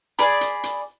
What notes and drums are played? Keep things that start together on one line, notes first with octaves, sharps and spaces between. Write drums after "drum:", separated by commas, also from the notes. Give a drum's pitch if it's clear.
G#4 D5 B5, drum: hi-hat
drum: hi-hat
drum: hi-hat